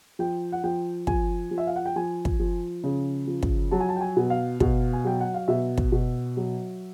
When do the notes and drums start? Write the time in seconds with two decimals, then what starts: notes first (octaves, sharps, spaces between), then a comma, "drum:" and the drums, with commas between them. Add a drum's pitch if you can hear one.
0.19 F3 G5
0.52 F#5
0.64 F3 G5
1.07 F3 G#5, drum: kick
1.51 F3
1.58 E5
1.67 F5
1.76 F#5
1.86 G5
1.96 F3 G#5
2.25 drum: kick
2.40 F3
2.84 C#3
3.27 F3
3.43 drum: kick
3.71 F#3 A5
3.80 G#5
3.89 A5
3.96 G5
4.01 G#5
4.17 B2
4.30 F5
4.60 B2, drum: kick
4.93 G#5
5.04 F#3 G5
5.21 F#5
5.34 F5
5.48 B2 E5
5.78 drum: kick
5.92 B2
6.37 F#3